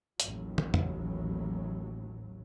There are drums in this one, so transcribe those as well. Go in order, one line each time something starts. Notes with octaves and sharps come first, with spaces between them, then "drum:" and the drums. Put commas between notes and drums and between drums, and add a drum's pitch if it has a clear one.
A1 D#2 F#3, drum: hi-hat
drum: tom
drum: tom F2